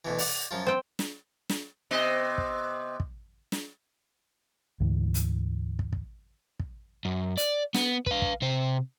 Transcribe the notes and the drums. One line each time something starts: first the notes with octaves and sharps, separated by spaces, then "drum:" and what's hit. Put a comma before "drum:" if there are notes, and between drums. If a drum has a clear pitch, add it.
D2 B2 E3
D5 F#5 D6, drum: open hi-hat
F#2 F3 F4
C4 G5
drum: snare
drum: snare
C3 B3 D#5
drum: kick
drum: kick
drum: snare
D2 G#2 D3 E3
drum: hi-hat
drum: kick
drum: kick
drum: kick
F#2
D5, drum: hi-hat
B3, drum: snare
B4 F5, drum: kick
drum: kick
C3 C5